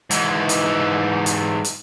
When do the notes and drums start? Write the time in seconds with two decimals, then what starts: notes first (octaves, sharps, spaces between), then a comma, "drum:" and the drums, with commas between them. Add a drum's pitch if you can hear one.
0.11 G#2 E3, drum: hi-hat
0.49 drum: hi-hat
1.26 drum: hi-hat
1.65 drum: hi-hat